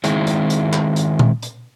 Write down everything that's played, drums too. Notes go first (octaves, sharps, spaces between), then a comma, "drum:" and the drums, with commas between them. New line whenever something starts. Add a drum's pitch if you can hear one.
D#3 G#3 C4 E4, drum: hi-hat
drum: hi-hat
drum: hi-hat
drum: clap
drum: hi-hat
drum: tom A#2
drum: hi-hat